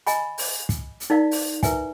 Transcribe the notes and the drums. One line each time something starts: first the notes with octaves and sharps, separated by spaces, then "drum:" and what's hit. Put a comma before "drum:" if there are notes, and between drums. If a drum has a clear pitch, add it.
D#5 G#5 A#5 B5, drum: hi-hat
drum: open hi-hat
drum: kick, hi-hat
drum: hi-hat
D#4 E4 A#4 D5 F5
drum: open hi-hat
E4 A#4 B4 E5 G#5, drum: kick, hi-hat